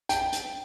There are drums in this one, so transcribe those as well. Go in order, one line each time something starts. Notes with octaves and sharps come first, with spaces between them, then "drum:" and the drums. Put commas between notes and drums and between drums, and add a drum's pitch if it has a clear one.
G5, drum: hi-hat
drum: hi-hat